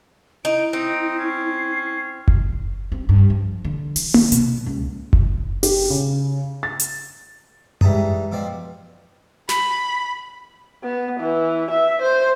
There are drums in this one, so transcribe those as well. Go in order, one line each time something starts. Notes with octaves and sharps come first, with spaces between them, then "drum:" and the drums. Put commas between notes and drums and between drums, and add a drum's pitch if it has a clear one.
D#4 E4 D7
C4 D#4 D7
C#4 C7
drum: kick F#1
C4
G2
F3
D3
E3, drum: open hi-hat
D#3, drum: tom A#3
B2, drum: hi-hat
C#2
drum: kick F#1
G4, drum: open hi-hat
C#3
A6
drum: hi-hat
G#2 E3 G3 A5 A#5 D#6, drum: tom F#2
B2 F3 C4 D5
B5, drum: snare
B3
E3
E5
C5